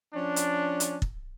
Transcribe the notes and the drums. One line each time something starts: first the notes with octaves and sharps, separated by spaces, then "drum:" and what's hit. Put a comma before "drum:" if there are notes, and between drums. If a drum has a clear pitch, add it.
F3 C#4 D4
drum: hi-hat
drum: hi-hat
drum: kick